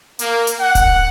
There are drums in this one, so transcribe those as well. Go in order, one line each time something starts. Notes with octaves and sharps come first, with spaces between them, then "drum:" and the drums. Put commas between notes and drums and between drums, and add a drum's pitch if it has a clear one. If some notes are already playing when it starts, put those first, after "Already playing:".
A#3, drum: hi-hat
drum: hi-hat
F#5
drum: kick D1, hi-hat